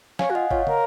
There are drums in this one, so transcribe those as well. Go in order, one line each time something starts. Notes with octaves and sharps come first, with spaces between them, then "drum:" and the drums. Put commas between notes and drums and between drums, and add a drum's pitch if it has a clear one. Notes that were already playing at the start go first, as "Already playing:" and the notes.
C#5 F5 G#5, drum: snare
F#4
F4 D#5 F#5
F4 C#5 F5, drum: kick
A#4, drum: tom